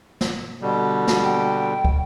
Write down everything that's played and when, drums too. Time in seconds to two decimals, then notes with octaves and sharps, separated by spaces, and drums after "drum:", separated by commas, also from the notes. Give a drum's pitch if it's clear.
0.21 drum: snare
0.62 B2 D3 G3
1.07 F#5, drum: snare
1.23 G5
1.85 drum: kick